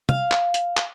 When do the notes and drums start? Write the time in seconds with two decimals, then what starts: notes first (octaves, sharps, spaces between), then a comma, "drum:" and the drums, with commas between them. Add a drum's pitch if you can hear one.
0.09 F5, drum: tom
0.31 drum: clap
0.54 drum: hi-hat
0.77 drum: clap